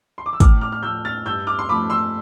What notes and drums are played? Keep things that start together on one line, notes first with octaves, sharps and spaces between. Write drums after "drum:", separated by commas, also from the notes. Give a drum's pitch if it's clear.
C6
D6
E6
A2 D6 F6, drum: kick, hi-hat
D6 F6
F6
F3 A3 E6 G6
F6 A6
G2 E6 G6
D6 F6
C6
F3 A3 B5 D6
C6 E6